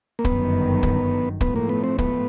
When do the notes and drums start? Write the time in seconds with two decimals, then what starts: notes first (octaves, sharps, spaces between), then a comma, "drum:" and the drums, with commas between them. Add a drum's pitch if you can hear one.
0.19 A#3
0.25 G1 F#2 D#3 B3, drum: kick
0.83 drum: kick
1.41 A2 F3 A3 B3, drum: kick
1.56 A#3
1.69 B3
1.84 C4
1.98 B3, drum: kick